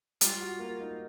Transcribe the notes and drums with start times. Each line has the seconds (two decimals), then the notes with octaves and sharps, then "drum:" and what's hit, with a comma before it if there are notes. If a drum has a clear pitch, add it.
0.21 G3 F4, drum: hi-hat
0.41 F#4
0.59 A#3
0.80 D#4